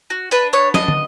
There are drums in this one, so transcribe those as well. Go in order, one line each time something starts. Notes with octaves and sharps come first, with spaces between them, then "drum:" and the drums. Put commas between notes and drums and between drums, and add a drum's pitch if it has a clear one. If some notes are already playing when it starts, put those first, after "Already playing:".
F#4
D4 B4, drum: hi-hat
B3 C#5
D4 D#5, drum: snare
drum: tom